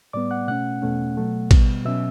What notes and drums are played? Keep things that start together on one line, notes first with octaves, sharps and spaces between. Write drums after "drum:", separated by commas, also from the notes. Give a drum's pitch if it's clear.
A2 G3 B3 D5 D6
F#5 F#6
B2 A3 C#4 F#5 F#6
E2 B2 A3 C#4
B2 F#3 A3
B2 G3 B3, drum: kick, cymbal
B2 F#3 C#4 E5 E6